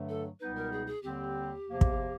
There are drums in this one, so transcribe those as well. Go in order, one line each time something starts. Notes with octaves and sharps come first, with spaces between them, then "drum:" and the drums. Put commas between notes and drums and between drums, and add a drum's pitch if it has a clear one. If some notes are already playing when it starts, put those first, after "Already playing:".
Already playing: G2 D3 F#3 A3
A4
C#2 B2 G3 B3 D#4 B4
A#4
G#4
G#4
D#2 D3 G3 C4 G4
E2 C3 F3 A#3
drum: kick